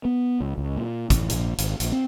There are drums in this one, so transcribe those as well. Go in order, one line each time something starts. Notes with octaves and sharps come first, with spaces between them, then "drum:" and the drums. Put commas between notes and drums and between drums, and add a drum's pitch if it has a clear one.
B3
C#2
C#2
A#2
A1, drum: kick, hi-hat
A#1, drum: hi-hat
G#1, drum: hi-hat
A#1, drum: hi-hat
C4